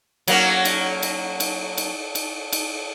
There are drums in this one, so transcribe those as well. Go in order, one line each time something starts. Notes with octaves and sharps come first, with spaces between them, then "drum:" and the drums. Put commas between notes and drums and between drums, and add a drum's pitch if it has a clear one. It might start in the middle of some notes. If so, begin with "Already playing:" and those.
F#3 A#3 C#4, drum: cymbal
drum: cymbal
drum: cymbal
drum: cymbal
drum: cymbal
drum: cymbal
drum: cymbal